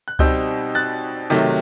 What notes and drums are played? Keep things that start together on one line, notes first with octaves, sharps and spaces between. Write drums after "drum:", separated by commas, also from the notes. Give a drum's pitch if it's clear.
F#6
B2 G3 C4 D#4 E6 G6, drum: kick C#2
F#6 A6
C3 D#3 F#3 A3